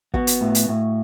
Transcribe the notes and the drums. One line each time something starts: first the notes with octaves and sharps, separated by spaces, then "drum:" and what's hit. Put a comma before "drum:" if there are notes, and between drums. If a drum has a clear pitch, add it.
B3 F#4, drum: kick
drum: hi-hat
A2
drum: hi-hat
A2